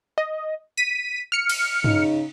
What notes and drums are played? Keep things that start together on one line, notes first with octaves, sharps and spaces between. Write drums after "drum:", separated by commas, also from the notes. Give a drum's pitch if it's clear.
D#5
B6 D#7
F6 C#7
drum: cymbal
C#3 D#4, drum: tom